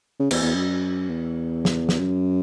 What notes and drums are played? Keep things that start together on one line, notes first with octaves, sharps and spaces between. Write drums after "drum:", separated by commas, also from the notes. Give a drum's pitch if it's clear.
C#3
E2, drum: cymbal
E2
F#2
E2
drum: snare
drum: snare
F#2